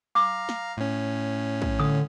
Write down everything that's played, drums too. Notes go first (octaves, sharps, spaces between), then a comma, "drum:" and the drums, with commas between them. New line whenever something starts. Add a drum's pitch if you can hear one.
F5 A#5 D6
drum: snare
A2 C#4
drum: kick
D3 D#6